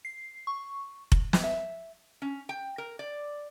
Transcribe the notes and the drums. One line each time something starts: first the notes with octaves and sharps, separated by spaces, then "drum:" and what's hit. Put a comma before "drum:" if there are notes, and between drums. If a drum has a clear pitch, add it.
C7
C#6
drum: kick F1
drum: snare
E5
C#4
G5
A#4
D5